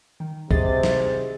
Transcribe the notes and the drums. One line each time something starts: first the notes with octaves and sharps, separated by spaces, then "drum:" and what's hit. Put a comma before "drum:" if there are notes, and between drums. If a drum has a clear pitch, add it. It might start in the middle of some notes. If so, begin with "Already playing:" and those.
D#3
C3 G#4 D#5 A6, drum: kick
drum: snare